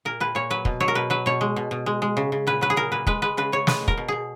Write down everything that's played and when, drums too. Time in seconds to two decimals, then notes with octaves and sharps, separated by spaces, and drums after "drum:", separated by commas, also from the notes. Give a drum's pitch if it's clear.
0.05 A#2 A#4
0.20 A#2 B4
0.35 A#2 C#5
0.50 F#3 B4
0.65 B2, drum: kick
0.80 F#3 C#5
0.88 A#4
0.95 B2 B4
1.10 F#3 B4
1.26 B2 C#5
1.41 G#3
1.56 B2
1.71 B2
1.86 G#3
2.02 G#3
2.17 C#3
2.32 C#3
2.47 A#2 B4
2.61 F#3 B4
2.70 G#4
2.76 A#2 A#4
2.92 A#2 B4
3.07 G#3 B4, drum: kick
3.22 G#3 B4
3.37 C#3 B4
3.52 C#3 C#5
3.67 G#3 B4, drum: snare
3.82 B2
3.88 A#4, drum: kick
3.98 B2
4.08 B2 G#4